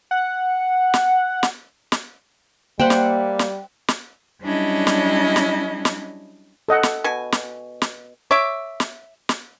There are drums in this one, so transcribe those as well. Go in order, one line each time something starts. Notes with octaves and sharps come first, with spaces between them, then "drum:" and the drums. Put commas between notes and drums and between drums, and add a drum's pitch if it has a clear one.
F#5
drum: snare
drum: snare
drum: snare
G3 A#3 C5 E5 F#5 G5
drum: snare
drum: snare
drum: snare
F#3 G3 C#4 D4 E4 D#5
drum: snare
drum: snare
drum: snare
A4 D#5 F#5
drum: snare
B2 G#5
drum: snare
drum: snare
C#5 E5 D6
drum: snare
drum: snare